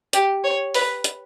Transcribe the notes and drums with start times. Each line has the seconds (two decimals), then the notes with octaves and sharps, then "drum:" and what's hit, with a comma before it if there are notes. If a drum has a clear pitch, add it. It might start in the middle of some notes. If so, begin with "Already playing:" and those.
0.13 G4, drum: hi-hat
0.44 C#5
0.74 B4, drum: open hi-hat
1.04 drum: hi-hat